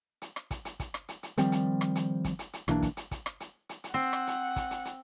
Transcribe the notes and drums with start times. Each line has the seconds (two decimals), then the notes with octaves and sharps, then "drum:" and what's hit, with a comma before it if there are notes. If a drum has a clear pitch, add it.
0.22 drum: hi-hat
0.36 drum: rim click
0.51 drum: kick, hi-hat
0.65 drum: hi-hat
0.80 drum: kick, hi-hat
0.94 drum: rim click
1.09 drum: hi-hat
1.23 drum: hi-hat
1.37 D#3 F3 G3 C4, drum: hi-hat
1.52 drum: hi-hat
1.81 drum: rim click
1.95 drum: hi-hat
2.24 drum: kick, hi-hat
2.39 drum: hi-hat
2.53 drum: hi-hat
2.68 B1 E3 A#3 D4, drum: rim click
2.82 drum: kick, hi-hat
2.97 drum: hi-hat
3.11 drum: kick, hi-hat
3.26 drum: rim click
3.40 drum: hi-hat
3.69 drum: hi-hat
3.84 drum: hi-hat
3.94 C4 F#5
4.13 drum: rim click
4.27 drum: hi-hat
4.56 drum: kick, hi-hat
4.71 drum: hi-hat
4.85 drum: hi-hat